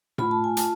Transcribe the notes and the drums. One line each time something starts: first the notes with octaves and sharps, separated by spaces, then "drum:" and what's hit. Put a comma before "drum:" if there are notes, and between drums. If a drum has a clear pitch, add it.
A3 F4 B5, drum: tom A2
A5
G#5
F4 A5, drum: hi-hat